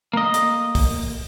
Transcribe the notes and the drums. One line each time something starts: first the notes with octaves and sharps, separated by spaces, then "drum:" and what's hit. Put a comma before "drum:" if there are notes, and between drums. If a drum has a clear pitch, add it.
A#3 D#5
drum: hi-hat
drum: kick, open hi-hat